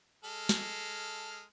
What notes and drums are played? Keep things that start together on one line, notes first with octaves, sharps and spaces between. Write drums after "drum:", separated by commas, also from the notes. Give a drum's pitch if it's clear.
G#3 A4 F6
drum: snare